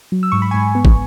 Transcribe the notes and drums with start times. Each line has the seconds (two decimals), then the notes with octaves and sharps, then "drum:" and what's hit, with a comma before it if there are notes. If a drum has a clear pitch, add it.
0.12 F#3
0.23 E6
0.32 G#2 C#6
0.42 B5
0.51 G#2 G#5 C#6
0.75 B3
0.85 drum: kick